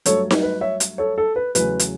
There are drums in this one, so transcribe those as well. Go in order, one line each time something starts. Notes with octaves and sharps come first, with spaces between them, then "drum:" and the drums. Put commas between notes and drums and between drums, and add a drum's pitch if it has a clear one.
G2 F#3 A3 A4 C#5, drum: hi-hat
drum: snare D#4
B4
C#5 E5
drum: hi-hat
A4 C#5
A4
B4
E2 C#3 F#3 A3 C#4 B4, drum: hi-hat
drum: hi-hat